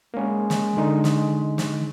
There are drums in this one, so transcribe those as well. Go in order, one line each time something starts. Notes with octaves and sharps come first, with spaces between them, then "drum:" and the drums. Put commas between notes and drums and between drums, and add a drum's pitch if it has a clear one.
G#3 A#3 C#4
drum: snare
D3 D#4
drum: snare
drum: snare